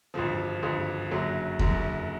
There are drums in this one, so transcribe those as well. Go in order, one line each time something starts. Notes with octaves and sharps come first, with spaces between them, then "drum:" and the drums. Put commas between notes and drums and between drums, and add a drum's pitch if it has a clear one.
G#1 G2 D3 F3
G#1 G2 D3 F3
F#1 F#2 D3 F#3
F#1 F#2 D3 F#3, drum: kick E2